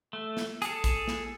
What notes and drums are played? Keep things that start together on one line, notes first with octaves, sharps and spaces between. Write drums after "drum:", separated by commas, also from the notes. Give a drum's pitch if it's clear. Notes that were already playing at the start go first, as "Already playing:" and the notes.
A3
drum: snare
G#4 A4, drum: hi-hat
drum: kick A#1, hi-hat
drum: snare